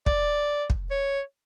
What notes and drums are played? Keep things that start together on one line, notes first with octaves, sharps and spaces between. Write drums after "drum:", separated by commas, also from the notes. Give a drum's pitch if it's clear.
D5, drum: kick
drum: kick
C#5